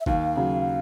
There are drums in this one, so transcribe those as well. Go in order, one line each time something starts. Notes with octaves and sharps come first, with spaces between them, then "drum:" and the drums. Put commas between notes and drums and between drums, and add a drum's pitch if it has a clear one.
E5
D#2 F5, drum: kick
C#3 F#3